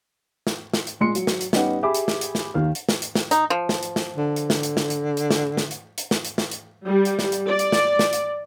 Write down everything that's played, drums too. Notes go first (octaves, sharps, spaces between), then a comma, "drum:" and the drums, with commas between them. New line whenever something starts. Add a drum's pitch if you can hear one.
drum: snare
drum: snare
drum: hi-hat
A#2 G#3 C6 C#7
F#3, drum: hi-hat
drum: snare
drum: hi-hat
G3 B3 C#4 D#4 G4 F#5, drum: snare
G4 G#4 E5 B5 D6
drum: hi-hat
drum: snare
drum: hi-hat
drum: snare
D#2 D#3 F5 F6
drum: hi-hat
drum: snare
drum: hi-hat
drum: snare
D#4, drum: hi-hat
F3
drum: snare
drum: hi-hat
drum: snare
D3
drum: hi-hat
drum: snare
drum: hi-hat
drum: snare
drum: hi-hat
drum: hi-hat
drum: snare
drum: snare
drum: hi-hat
drum: hi-hat
drum: snare
drum: hi-hat
drum: snare
drum: hi-hat
G3
drum: hi-hat
drum: snare
drum: hi-hat
D5
drum: hi-hat
drum: snare
drum: snare
drum: hi-hat